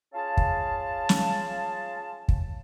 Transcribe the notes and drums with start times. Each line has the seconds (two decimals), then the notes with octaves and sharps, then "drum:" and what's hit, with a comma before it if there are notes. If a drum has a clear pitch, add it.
0.13 C#4 F4 G#4 F5 A5
0.37 drum: kick
1.09 drum: snare
2.28 drum: kick